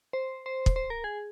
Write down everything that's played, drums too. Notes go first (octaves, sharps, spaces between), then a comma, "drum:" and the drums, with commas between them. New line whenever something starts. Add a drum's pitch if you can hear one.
C5
C5
drum: kick
C5
A#4
G#4